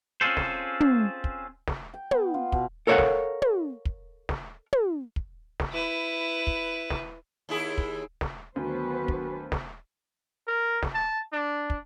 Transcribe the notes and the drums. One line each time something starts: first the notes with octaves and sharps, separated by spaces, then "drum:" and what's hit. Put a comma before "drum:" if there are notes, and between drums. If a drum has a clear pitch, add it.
C4 C#4 F4 G#4 A4 C5
drum: snare
drum: tom
drum: kick
drum: snare
G5
B3, drum: tom
F4
B2, drum: kick
A4 A#4 C#5 D5 F5 F#5
drum: snare
drum: tom
drum: kick
drum: snare
drum: tom
drum: kick
drum: snare
E4 B4
drum: kick
drum: snare
D#2 E4 G#4
drum: kick
drum: snare
D2 D#3 F#3 B3 D4 F#4 B4 C5
drum: kick
drum: snare
A#4
drum: snare
A5
D4
drum: kick